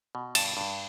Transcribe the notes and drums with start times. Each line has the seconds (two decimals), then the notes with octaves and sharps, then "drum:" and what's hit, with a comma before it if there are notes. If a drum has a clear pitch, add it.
0.15 B2
0.35 G2 A5, drum: cymbal
0.57 G2